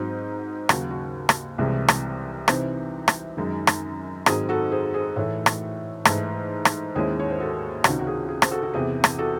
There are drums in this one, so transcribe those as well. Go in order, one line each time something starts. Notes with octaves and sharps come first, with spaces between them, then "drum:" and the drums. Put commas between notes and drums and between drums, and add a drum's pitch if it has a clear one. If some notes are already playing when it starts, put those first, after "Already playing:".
Already playing: G#2 F#3 C4 D#4
D#2 C#3 F#3 F#4, drum: rim click
F#4
drum: rim click
C2 C3 E3 G#3
drum: rim click
C3 E3 C4 D#4, drum: rim click
drum: rim click
F#2 D#3 G#3 D#4
drum: rim click
G#2 D#3 F#3 C4 G#4, drum: rim click
F#4 A4
G#4 C5
G#4 C5
A2 E3 A3 A4 C#5
drum: rim click
G#2 E3 A3, drum: rim click
drum: rim click
D#2 D#3 G#3 C#4 E4 G#4 C5
C#5
C5
F#4 A4
C#2 C3 D#3 F#4, drum: rim click
F#4
G#4
G#4
C5, drum: rim click
F#4 A4
F#4
E2 C3 E3 G#4
drum: rim click
F#4 A4